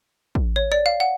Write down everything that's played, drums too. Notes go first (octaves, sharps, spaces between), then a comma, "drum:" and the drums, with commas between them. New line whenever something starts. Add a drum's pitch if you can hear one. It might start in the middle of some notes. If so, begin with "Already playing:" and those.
drum: kick
C#5
D5
F5
F#5